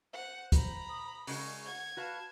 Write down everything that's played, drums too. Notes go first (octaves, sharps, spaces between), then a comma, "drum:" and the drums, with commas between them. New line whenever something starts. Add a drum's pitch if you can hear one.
C5 F#5
A#5 B5, drum: kick, hi-hat
D#6
C#3 G#3 F#4 A#4, drum: open hi-hat
F#5 G#6
F#4 B4 F5 A5